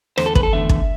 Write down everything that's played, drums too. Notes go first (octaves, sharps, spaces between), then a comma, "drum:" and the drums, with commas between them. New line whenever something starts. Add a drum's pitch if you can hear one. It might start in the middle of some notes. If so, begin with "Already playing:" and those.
E2 D3 A3 C5, drum: rim click
A4
B4, drum: kick
A4
E2 D3 A3 E5
drum: kick